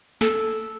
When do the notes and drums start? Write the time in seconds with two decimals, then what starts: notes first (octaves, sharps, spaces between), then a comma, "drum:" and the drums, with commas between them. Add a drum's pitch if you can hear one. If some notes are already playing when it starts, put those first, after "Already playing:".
0.21 A4, drum: snare